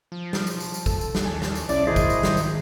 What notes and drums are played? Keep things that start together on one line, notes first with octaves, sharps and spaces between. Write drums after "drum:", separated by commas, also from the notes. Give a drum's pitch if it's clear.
F3
drum: snare
drum: tambourine
drum: tambourine
drum: tambourine
A4, drum: kick, tambourine
drum: tambourine
drum: snare
D#2 G#5 A5
drum: snare
drum: tambourine
B1 C#4 D4 E4 D5 D7, drum: tambourine
G#1 D#3 E4 G#4 C5 D#5 A#5
drum: kick, tambourine
drum: tambourine
drum: snare
drum: tambourine